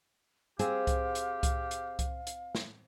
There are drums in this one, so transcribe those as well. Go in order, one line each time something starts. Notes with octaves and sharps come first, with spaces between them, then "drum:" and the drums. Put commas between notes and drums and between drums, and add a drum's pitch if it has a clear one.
C4 G4 G#4 F5, drum: hi-hat
drum: kick C2, hi-hat
drum: hi-hat
drum: kick C2, hi-hat
drum: hi-hat
drum: kick C2, hi-hat
drum: hi-hat
drum: snare